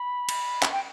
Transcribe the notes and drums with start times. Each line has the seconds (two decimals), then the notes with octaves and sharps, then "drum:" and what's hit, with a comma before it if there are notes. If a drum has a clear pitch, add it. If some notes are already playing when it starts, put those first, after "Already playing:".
Already playing: B5
0.29 drum: cymbal
0.63 drum: clap
0.72 G5